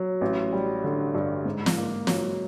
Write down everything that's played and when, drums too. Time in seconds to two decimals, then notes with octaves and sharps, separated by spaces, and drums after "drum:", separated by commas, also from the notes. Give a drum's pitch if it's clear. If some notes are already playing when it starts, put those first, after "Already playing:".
Already playing: F#3
0.21 A1
0.52 G3
0.84 D3
1.15 G2
1.45 G#2
1.66 drum: snare
1.77 A#3
2.07 F#3, drum: snare